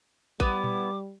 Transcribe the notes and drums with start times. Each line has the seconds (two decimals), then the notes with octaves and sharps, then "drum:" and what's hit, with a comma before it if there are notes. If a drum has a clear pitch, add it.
0.40 G3 B3 E4 D6, drum: kick A1
0.64 drum: tom A#2